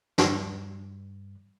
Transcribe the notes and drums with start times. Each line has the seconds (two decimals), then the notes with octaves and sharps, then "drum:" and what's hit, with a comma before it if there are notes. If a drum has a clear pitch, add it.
0.18 G2, drum: snare